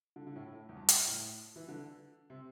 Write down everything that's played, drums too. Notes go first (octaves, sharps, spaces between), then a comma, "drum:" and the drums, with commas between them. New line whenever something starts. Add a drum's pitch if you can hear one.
D3
D3
A2
A2
E2
G2
drum: hi-hat
A2
E3
D3
C3